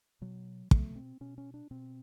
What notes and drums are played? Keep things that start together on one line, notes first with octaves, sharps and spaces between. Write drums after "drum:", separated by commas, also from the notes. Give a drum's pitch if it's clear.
B2 F#3
B2 A3, drum: kick
C4
B2 C#4
C#4
D4
B2 C4